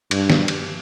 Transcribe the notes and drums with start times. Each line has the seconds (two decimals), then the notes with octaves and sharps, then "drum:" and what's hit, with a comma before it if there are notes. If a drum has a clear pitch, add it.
0.11 G2, drum: cymbal
0.30 drum: snare
0.48 drum: cymbal